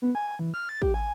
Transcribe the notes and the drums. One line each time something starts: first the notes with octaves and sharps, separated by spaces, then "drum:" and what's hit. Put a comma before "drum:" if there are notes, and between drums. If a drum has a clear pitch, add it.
B3
G#5
G#5
E3
F6
A6
G4, drum: kick
G#5